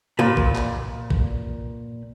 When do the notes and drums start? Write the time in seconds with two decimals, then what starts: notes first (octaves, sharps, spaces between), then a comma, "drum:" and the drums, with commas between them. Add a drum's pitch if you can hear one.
0.19 A#2 B4 B5
0.37 drum: kick A1
0.55 drum: clap
1.10 drum: kick A1